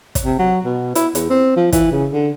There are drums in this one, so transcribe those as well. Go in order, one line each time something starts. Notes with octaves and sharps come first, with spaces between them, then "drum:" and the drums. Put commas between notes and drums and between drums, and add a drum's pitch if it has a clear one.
drum: kick, hi-hat
C3
F#3
B2
E4, drum: hi-hat
E2, drum: hi-hat
C4
F3
E3, drum: kick, hi-hat
C#3
D3